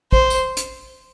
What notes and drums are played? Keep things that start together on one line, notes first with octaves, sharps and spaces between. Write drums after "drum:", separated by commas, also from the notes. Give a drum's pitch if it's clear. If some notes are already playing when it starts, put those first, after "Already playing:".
C5, drum: kick
drum: tambourine
drum: hi-hat